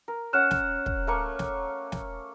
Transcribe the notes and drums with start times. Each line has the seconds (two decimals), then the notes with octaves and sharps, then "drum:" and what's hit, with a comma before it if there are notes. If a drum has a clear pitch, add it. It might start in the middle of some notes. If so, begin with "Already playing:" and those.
0.08 A#4
0.33 C#4 F#5 F6 F#6 E7
0.51 drum: snare
0.86 drum: kick
1.07 A3 A#3 C#6
1.39 drum: snare
1.92 drum: snare